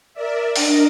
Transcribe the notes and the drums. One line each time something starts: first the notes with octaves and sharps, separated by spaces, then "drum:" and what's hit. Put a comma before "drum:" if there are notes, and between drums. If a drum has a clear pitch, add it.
A#4 D5 E5
D4 A#4 D#5, drum: open hi-hat